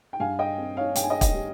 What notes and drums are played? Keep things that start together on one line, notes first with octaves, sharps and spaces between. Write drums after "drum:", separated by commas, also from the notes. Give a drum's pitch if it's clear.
G5
G2 F5 G#5
D#5 G5
C4
C#5 F5
G2 G5, drum: hi-hat
G#5
D#5 G5
D#5 G5, drum: kick, hi-hat
G3